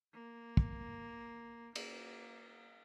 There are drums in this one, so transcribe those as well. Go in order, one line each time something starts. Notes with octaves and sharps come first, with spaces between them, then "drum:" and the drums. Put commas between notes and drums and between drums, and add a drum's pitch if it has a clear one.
A#3
drum: kick
A#3, drum: cymbal